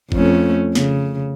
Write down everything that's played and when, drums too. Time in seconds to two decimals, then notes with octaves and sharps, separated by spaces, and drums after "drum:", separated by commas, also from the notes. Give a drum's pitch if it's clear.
0.12 F2 A3 C#4, drum: kick G1
0.75 C#3, drum: snare